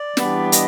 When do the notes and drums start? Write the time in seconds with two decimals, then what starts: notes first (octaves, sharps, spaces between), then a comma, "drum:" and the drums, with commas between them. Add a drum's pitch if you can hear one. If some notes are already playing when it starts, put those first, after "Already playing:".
Already playing: D5
0.17 E3 G3 B3 D4 G4, drum: snare
0.52 D#5, drum: hi-hat